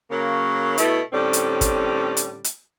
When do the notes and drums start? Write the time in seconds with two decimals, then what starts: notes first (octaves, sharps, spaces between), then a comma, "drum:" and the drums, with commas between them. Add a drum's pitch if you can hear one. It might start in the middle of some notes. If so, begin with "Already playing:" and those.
0.11 C#3 F#3 A#3
0.78 B2 A3 E4, drum: hi-hat
1.13 A2 D3 G3 C4 C#4
1.33 drum: hi-hat
1.61 drum: kick, hi-hat
2.17 drum: hi-hat
2.44 drum: hi-hat